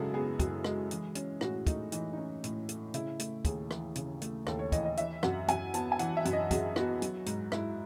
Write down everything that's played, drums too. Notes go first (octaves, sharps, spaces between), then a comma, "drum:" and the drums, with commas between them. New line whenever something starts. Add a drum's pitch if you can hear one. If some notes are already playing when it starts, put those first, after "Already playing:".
Already playing: F#2 C#3 G#3 E4 F#4 G#4 A4
B3 G#4
F#2, drum: kick, hi-hat
G#3, drum: rim click
E3, drum: hi-hat
C#4, drum: hi-hat
A2 F#4, drum: rim click
A3 D#4, drum: kick, hi-hat
E3 D#4, drum: hi-hat
C#4 D#4
A2, drum: hi-hat
A3, drum: hi-hat
C#3 E4, drum: hi-hat
A3, drum: hi-hat
D#2 G#4, drum: kick, hi-hat
E3, drum: rim click
C#3, drum: hi-hat
A3, drum: hi-hat
D#2 A4, drum: rim click
C#5
E3 D#5, drum: kick, hi-hat
D#5
E3 E5, drum: hi-hat
F#2 F#5, drum: rim click
F#2 G#5, drum: hi-hat
B3 A5, drum: hi-hat
G#5
E3 F#5, drum: hi-hat
E5
F#2, drum: hi-hat
D#5
F#2 G#4, drum: kick, hi-hat
B3 F#4, drum: rim click
F#3, drum: hi-hat
G#2, drum: hi-hat
G#2 E4, drum: rim click